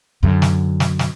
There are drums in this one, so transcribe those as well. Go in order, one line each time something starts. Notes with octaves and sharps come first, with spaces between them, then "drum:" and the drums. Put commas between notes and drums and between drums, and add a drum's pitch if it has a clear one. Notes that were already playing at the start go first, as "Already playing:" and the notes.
F#2 D3
drum: snare
drum: snare
drum: snare